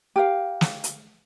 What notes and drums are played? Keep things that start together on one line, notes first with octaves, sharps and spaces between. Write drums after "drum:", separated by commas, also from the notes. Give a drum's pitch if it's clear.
G4 A#4 F5
drum: snare
drum: hi-hat